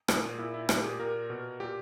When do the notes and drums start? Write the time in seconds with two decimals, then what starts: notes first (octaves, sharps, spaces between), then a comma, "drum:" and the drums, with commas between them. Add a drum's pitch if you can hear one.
0.08 A#2 G#4, drum: rim click
0.38 A#2 E4
0.54 E4
0.69 A#2 G4, drum: rim click
0.85 G#4
0.99 A#2 A#4
1.30 B2
1.60 A#2 G4